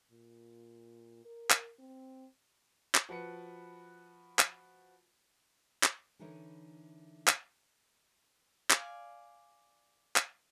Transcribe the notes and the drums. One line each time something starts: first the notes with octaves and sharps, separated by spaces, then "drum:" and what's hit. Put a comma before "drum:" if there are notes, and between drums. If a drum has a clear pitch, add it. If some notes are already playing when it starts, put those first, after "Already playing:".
A#2
A#4
drum: clap
C4
drum: clap
F3 F#4 B4 C#7
drum: clap
drum: clap
D3 E3 D#4 E4 A#4 C#5
drum: clap
D5 F5 G#5, drum: clap
drum: clap